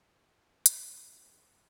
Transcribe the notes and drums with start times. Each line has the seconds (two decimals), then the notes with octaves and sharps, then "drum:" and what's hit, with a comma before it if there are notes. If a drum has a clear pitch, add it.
0.03 G#4
0.19 G4
0.37 F#4
0.66 C#4, drum: hi-hat
0.90 G#4
1.29 F#3
1.49 C3